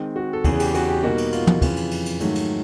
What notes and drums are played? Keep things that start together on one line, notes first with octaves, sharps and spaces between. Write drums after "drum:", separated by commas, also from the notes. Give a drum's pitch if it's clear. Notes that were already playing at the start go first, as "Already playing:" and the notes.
Already playing: D#3 G#3 C4
F#4
A4
E2 C#3 E3 G#4, drum: kick, cymbal
G4, drum: cymbal
F#4, drum: cymbal
G4
B2 G3 A#3 D#4 F#4
drum: cymbal
F4, drum: cymbal
drum: tom
F2 C#3 E3, drum: kick, cymbal
drum: cymbal
drum: cymbal
drum: cymbal
G#2 D#3 F#3 A3, drum: cymbal
drum: cymbal